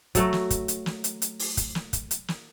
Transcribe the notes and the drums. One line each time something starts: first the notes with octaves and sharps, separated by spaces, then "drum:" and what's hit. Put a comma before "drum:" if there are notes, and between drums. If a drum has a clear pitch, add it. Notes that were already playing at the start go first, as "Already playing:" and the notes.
F#3 A3 F#4, drum: kick, hi-hat
drum: snare
drum: kick, hi-hat
drum: hi-hat
drum: snare
drum: hi-hat
drum: hi-hat
drum: open hi-hat
drum: kick, hi-hat
drum: snare
drum: kick, hi-hat
drum: hi-hat
drum: snare